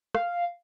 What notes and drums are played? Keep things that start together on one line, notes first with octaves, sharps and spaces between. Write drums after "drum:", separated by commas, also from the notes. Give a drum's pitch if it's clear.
F5, drum: rim click